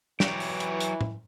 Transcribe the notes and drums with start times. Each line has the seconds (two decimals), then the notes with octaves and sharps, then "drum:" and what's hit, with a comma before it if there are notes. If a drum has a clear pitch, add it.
0.20 E3 F#3 G4, drum: snare
0.40 drum: open hi-hat
0.60 drum: hi-hat
0.80 drum: hi-hat
1.01 drum: tom A2